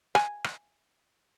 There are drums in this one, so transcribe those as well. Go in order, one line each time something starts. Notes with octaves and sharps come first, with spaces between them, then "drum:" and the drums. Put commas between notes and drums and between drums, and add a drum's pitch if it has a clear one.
G#5, drum: rim click
drum: rim click